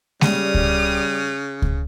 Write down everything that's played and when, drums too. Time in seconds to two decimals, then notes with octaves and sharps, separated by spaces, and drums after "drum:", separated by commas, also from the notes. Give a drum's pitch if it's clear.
0.21 C#3 G3 D#6 F6, drum: snare G#3
0.54 drum: kick C#2
1.62 drum: kick C#2